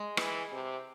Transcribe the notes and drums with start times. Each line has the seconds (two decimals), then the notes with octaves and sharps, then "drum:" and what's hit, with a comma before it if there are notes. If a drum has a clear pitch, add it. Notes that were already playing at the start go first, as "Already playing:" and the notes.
Already playing: G#3
0.17 E3, drum: rim click
0.52 C3